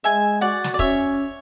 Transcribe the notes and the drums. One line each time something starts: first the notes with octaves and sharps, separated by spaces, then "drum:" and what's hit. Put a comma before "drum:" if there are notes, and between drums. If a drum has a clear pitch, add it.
G#3 E5 G#5
F#4 D5 F#5
drum: snare
D5
C#4 C#5 E5, drum: kick